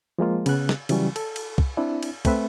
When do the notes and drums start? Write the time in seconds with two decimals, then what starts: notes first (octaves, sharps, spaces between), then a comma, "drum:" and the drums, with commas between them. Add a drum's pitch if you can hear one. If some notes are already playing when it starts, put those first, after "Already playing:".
0.19 F3 G#3 A#3 F4
0.46 C#3 B3 F#6, drum: cymbal
0.69 drum: snare
0.89 C#3 E3 F#3 G3 C#4, drum: cymbal
1.16 A4, drum: cymbal
1.36 drum: cymbal
1.58 drum: kick
1.77 C4 D4 E4
2.03 drum: cymbal
2.25 A3 C4 B4 E5, drum: kick, cymbal